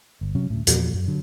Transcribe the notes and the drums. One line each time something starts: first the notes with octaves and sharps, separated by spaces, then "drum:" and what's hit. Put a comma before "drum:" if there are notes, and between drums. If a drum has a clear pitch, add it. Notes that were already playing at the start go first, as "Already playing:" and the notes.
G1
C3 F#3 C#4
D2 A2
E2 A#2 F3, drum: hi-hat
F#2
D3 F#3